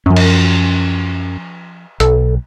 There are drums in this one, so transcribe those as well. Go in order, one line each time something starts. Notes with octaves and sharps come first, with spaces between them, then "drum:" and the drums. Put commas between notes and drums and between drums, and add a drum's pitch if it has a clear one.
F#2 F3 C#4
drum: cymbal
B1 A4, drum: hi-hat